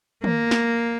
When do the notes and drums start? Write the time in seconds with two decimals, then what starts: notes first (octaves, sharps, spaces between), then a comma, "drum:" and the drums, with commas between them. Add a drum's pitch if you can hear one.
0.24 A#3, drum: tom D#3
0.51 drum: snare